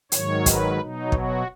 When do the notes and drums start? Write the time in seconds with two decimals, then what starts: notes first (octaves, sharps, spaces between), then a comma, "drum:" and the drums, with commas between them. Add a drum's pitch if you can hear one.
0.12 G#2 D#3 F#3 C#5, drum: hi-hat
0.46 B4, drum: kick, hi-hat
0.79 B2 F#3 D#4
1.12 F#4, drum: kick